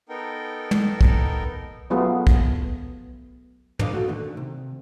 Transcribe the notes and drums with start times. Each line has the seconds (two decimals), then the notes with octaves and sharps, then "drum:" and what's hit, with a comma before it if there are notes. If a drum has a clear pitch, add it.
0.09 B3 D#4 A4 A#4 G5
0.71 drum: tom
1.01 drum: kick
1.90 F#3 A3 B3 F4 G#4
2.27 drum: kick
3.79 C#2 D3 D4 D#5 F5, drum: tom
3.93 A3 F#4 A4
4.08 D3 D#3 A3
4.37 C3